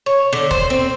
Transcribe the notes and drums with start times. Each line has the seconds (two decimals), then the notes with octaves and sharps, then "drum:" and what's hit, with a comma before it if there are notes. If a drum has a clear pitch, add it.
0.06 C#5
0.33 D3
0.51 C5, drum: kick
0.70 C4